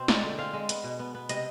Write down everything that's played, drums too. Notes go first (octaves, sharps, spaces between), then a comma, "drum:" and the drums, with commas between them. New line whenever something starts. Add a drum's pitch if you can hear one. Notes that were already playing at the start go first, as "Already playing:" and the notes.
Already playing: B2 C4 C5
G#3 D5, drum: snare
D3
C4 F5
G#3
B3, drum: hi-hat
B2
B3
B3
C3 D#5, drum: hi-hat